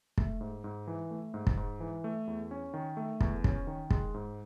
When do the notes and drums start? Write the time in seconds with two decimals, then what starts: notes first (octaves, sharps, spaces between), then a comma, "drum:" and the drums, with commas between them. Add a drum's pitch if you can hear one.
0.18 A3, drum: kick
0.41 G#2
0.64 G#2
0.87 E3
1.11 A3
1.34 G#2
1.47 drum: kick
1.57 G#2
1.80 E3
2.04 A3
2.27 E2
2.51 C#4
2.74 D#3
2.97 A3
3.21 E2, drum: kick
3.44 C#4, drum: kick
3.67 D#3
3.90 G#3, drum: kick
4.14 G#2